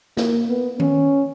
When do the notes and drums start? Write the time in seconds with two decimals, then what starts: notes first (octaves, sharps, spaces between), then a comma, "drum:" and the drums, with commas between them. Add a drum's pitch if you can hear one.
0.17 A#3, drum: snare
0.49 B3
0.80 C#4, drum: tom D#3